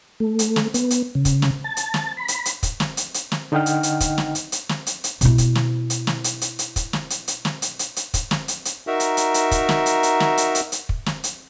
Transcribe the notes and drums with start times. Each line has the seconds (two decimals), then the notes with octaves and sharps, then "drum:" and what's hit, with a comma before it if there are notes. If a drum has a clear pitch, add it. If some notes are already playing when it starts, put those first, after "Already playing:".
0.20 A3
0.39 drum: hi-hat
0.56 drum: snare
0.74 B3, drum: hi-hat
0.91 drum: hi-hat
1.15 C#3
1.25 drum: kick, hi-hat
1.42 drum: snare
1.64 A5
1.77 drum: hi-hat
1.94 drum: snare
2.17 B5
2.28 drum: hi-hat
2.45 drum: hi-hat
2.63 drum: kick, hi-hat
2.80 drum: snare
2.97 drum: hi-hat
3.14 drum: hi-hat
3.32 drum: snare
3.52 D3 D#4 D#5 F#5 G5 F6
3.66 drum: hi-hat
3.83 drum: hi-hat
4.00 drum: kick, hi-hat
4.18 drum: snare
4.35 drum: hi-hat
4.52 drum: hi-hat
4.69 drum: snare
4.87 drum: hi-hat
5.04 drum: hi-hat
5.21 B2 E4, drum: hi-hat
5.38 drum: kick, hi-hat
5.55 drum: snare
5.90 drum: hi-hat
6.07 drum: snare
6.24 drum: hi-hat
6.41 drum: hi-hat
6.59 drum: hi-hat
6.76 drum: kick, hi-hat
6.93 drum: snare
7.10 drum: hi-hat
7.28 drum: hi-hat
7.45 drum: snare
7.62 drum: hi-hat
7.79 drum: hi-hat
7.96 drum: hi-hat
8.14 drum: kick, hi-hat
8.31 drum: snare
8.48 drum: hi-hat
8.65 drum: hi-hat
8.87 D#4 F#4 A#4 E5
9.00 drum: hi-hat
9.17 drum: hi-hat
9.34 drum: hi-hat
9.51 drum: kick, hi-hat
9.69 drum: snare
9.86 drum: hi-hat
10.03 drum: hi-hat
10.20 drum: snare
10.38 drum: hi-hat
10.55 drum: hi-hat
10.72 drum: hi-hat
10.89 drum: kick
11.06 drum: snare
11.24 drum: hi-hat